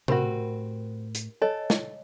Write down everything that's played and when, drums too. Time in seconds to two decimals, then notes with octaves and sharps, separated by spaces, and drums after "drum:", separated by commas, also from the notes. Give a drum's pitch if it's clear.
0.08 A2 C4 F#4 G4 A#4 B5, drum: tom C3
1.15 drum: hi-hat
1.42 A4 C#5 D#5 G#5
1.70 drum: snare